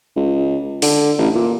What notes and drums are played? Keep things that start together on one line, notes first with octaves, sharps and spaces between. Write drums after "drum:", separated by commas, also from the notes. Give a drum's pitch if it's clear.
C#2
D3, drum: open hi-hat
A1
A#2